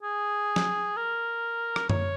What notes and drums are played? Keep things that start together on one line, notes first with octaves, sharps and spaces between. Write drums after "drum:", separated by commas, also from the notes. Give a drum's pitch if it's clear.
G#4
drum: snare
A#4
drum: rim click
C#5, drum: tom F#2